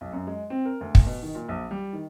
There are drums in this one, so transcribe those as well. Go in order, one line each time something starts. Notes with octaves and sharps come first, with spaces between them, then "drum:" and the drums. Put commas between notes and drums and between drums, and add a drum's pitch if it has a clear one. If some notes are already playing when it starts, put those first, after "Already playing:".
B1
F#2
G#3
C4
A#4
D2
drum: kick
B2
D#3
A#2
A#1
G3
D#3